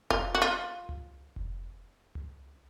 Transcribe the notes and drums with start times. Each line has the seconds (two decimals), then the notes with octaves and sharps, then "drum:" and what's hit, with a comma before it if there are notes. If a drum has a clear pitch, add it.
0.10 F4, drum: kick F1
0.35 F#4
0.42 F4
0.89 drum: tom C2
1.36 drum: kick F1
2.15 drum: tom C2